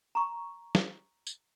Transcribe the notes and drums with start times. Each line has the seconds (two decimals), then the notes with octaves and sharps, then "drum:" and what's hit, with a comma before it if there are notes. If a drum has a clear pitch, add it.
0.15 A#5 C#6
0.75 drum: snare
1.27 drum: tambourine